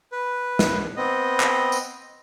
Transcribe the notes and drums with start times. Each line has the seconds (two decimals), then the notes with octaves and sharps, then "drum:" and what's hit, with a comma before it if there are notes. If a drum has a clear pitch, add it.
0.12 B4
0.59 drum: snare
0.97 B3 C4 D#5
1.40 drum: clap
1.72 drum: tambourine